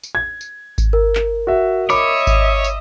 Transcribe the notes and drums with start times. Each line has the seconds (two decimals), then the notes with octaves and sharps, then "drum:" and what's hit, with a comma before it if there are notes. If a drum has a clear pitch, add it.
0.03 drum: tambourine
0.15 G#6
0.41 drum: tambourine
0.78 drum: kick G#1, tambourine
0.93 A#4
1.15 drum: clap
1.47 F#4 E5
1.90 C#5 D#5 E5 B5 D6, drum: tambourine
2.27 drum: kick G#1, tambourine
2.64 drum: tambourine